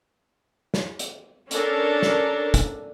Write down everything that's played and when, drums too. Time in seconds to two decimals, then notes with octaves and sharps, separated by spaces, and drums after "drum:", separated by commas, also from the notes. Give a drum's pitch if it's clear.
0.74 drum: snare
0.99 drum: hi-hat
1.51 C#4 D4 A4 A#4, drum: hi-hat
2.02 drum: snare
2.54 drum: kick, hi-hat